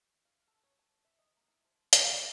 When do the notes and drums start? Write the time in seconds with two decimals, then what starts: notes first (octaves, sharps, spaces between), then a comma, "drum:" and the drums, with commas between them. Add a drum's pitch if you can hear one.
0.25 F5
0.47 A4
0.64 C#5
0.79 A5
1.05 E5
1.19 D#5
1.36 A#3
1.48 E4
1.65 F3
1.93 A4, drum: hi-hat
2.15 A3